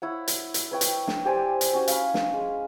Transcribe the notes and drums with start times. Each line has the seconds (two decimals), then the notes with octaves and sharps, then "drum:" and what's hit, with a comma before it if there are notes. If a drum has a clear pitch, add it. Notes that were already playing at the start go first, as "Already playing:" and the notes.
0.02 E4 C#5 F#5
0.28 drum: hi-hat
0.54 drum: hi-hat
0.71 B4 C#5 G5
0.81 drum: hi-hat
1.08 drum: snare
1.25 G4 C5 D5 G#5
1.61 drum: hi-hat
1.73 C#4 F#4
1.88 F5 B5, drum: hi-hat
2.14 drum: snare
2.34 G#3